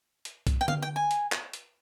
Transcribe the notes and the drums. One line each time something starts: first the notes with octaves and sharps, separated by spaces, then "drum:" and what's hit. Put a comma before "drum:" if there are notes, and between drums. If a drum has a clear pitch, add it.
drum: hi-hat
drum: kick B1, hi-hat
G5
F5, drum: tom D3
G5
G#5
drum: hi-hat
drum: clap
drum: hi-hat